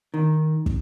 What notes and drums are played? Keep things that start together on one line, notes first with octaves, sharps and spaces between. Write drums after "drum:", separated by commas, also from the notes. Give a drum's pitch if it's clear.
D#3
drum: kick